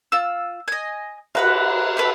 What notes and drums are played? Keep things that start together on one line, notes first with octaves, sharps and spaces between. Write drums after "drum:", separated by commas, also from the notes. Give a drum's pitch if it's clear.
F4 E6
D#5 G#5
A#4 B4 F#5, drum: cymbal
G4 A4 B4